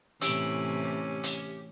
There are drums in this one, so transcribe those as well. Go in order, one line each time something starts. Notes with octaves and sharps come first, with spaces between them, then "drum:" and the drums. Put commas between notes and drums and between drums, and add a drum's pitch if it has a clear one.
A2 C3 E3 C#4 G4 E6 D7 F#7, drum: hi-hat
drum: hi-hat